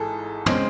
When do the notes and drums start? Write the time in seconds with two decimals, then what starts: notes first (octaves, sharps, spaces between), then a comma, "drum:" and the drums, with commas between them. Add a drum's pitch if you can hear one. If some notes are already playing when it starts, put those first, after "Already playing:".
Already playing: G#1 G#2 E3 G#4 A4
0.46 C#3 G#3 C4, drum: tom